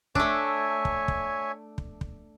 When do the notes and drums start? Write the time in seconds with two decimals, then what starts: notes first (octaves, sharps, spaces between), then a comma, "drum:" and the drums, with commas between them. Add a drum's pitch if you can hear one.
0.15 A3 D4 C#5 E5 G#5, drum: kick
0.85 drum: kick
1.08 drum: kick
1.78 drum: kick
2.01 drum: kick